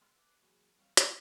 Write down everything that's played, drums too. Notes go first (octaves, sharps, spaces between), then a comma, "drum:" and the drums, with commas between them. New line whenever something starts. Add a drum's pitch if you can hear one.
G#3 B3 C6 E6 F6
B4 D6
E3 F#3 A#3 F#4 G#4
E3 G3 C4 C#5 F5
E5 G5 D#6 G6, drum: hi-hat